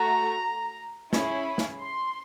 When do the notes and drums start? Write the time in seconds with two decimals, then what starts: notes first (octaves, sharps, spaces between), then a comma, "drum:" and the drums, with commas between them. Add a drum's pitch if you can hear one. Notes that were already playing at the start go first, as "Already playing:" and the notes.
Already playing: A3 F#4 A#5
1.13 C#4 E4 G#4 B5, drum: snare
1.58 drum: snare
1.80 C6